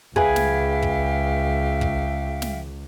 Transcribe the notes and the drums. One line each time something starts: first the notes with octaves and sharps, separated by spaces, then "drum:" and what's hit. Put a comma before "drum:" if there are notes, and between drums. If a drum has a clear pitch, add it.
C#2 G#4 B4 E5 F5 G5 G#5, drum: kick
drum: snare
drum: kick
drum: kick
drum: snare